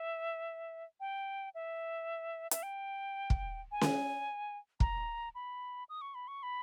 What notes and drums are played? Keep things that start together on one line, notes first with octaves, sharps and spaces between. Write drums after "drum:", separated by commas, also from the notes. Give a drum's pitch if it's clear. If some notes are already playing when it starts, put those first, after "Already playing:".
Already playing: E5
G5
E5
E5, drum: hi-hat
G5
drum: kick
G#5
drum: snare C#4
A#5, drum: kick
B5
D#6
C#6
B5
C#6
B5